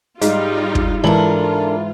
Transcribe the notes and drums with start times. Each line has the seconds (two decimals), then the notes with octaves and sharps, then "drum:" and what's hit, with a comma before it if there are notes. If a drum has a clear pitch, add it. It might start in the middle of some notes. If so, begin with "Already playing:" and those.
0.21 G#2 G3 D#4 F4, drum: hi-hat
0.75 drum: kick
1.04 G#2 E3 D4 E4 F4 A4 A#4 F#7